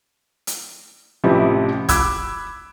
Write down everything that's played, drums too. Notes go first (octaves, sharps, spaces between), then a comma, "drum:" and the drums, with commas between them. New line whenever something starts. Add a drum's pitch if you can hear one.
drum: hi-hat
A1 C3 F3 E4 G4
B5 D6 E6 F#6 G#6, drum: kick, hi-hat